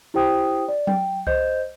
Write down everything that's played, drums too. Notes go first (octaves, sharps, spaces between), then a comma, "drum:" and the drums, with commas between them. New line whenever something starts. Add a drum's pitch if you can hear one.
E4 G4 C5 G5 D#6
D5
G5, drum: tom F#3
C5 D#5 G6, drum: kick C2